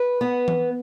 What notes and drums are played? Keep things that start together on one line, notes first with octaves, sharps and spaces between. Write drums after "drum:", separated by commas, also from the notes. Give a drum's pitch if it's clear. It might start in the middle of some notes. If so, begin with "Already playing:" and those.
Already playing: B4
B3
drum: tom E3